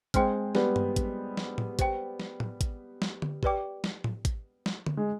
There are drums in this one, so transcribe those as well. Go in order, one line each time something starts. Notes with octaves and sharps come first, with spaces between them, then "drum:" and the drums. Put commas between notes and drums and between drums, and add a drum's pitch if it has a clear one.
G#3 C4 C5 G5 C6 F6, drum: kick, hi-hat
G3 B3, drum: snare
drum: tom G2
drum: kick, hi-hat
drum: snare
drum: tom A2
G4 C5 G5, drum: kick, hi-hat
drum: snare
drum: tom A2
drum: kick, hi-hat
drum: snare
drum: tom D3
G4 B4 D5 G5 D6, drum: kick
drum: snare
drum: tom A2
drum: kick, hi-hat
drum: snare
drum: tom D3
G#3